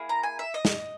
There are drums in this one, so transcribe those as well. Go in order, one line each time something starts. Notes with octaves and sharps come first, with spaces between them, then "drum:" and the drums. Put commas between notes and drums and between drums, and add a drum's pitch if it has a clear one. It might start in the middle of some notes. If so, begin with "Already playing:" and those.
Already playing: A#3 E4 G#4
A#5
G#5
E5
D#5
drum: snare